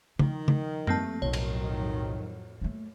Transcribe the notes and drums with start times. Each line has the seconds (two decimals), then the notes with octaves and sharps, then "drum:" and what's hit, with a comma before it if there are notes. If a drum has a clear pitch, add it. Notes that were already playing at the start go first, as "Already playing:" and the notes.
0.19 D#3 F3, drum: tom C#3
0.48 drum: tom C#3
0.87 G2 A3 A#3 C4 A5, drum: tom F#2
1.22 B1 F2 A2 D#3 F#3 C#5
1.33 drum: cymbal
2.62 A3 A#3